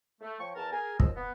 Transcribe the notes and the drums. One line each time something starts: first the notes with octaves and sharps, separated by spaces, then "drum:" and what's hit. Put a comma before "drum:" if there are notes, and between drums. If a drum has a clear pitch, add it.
A3
F3 C#5 G5 C#6
E2 A#4 A5
G#4 A#4 G#5
D#2 F3 F#3 D#5 E6, drum: kick
B3